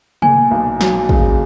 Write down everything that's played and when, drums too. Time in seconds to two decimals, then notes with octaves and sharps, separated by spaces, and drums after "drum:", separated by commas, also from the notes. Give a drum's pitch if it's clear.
0.22 A#2 G#5, drum: tom C3
0.51 B1
0.81 F#3, drum: snare
1.09 C#3, drum: kick